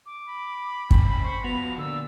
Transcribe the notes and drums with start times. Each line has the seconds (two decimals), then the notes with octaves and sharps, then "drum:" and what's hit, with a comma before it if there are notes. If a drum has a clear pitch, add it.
0.06 D6
0.28 B5
0.91 F2 C#4 G5, drum: kick
1.24 C5 C#6
1.44 F3 B3 F#4 F7
1.78 A#2 D3 E6